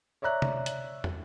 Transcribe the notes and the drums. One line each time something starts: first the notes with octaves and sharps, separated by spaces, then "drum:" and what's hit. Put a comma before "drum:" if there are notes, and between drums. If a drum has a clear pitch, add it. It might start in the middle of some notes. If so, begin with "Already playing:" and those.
C#5 D5 E5 A#5 F#6
drum: tom C3
drum: hi-hat
drum: tom